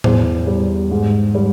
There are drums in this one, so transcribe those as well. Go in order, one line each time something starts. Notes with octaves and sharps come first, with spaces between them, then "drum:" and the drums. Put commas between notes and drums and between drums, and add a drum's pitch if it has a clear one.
E2 C5, drum: tom A2
G3
G#2
G3